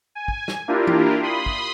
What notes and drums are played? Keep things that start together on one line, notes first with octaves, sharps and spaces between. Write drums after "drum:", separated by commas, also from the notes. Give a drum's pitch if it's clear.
G#5
drum: kick
drum: snare
A#3 D4 E4 F4 G4 A#4
drum: tom E3
B5 C6 D#6
drum: kick